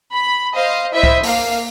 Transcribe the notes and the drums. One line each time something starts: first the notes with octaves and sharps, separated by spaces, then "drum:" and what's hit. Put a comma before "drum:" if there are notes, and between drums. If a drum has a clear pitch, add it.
B5
C5 D#5 F5
E4 C5 D#5 E5
drum: kick
A#3 F5, drum: open hi-hat